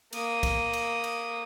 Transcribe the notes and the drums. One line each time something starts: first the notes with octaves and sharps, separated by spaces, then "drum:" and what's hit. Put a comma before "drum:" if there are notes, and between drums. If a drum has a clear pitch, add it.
A#3 D#6, drum: cymbal
drum: kick, cymbal
drum: cymbal
drum: cymbal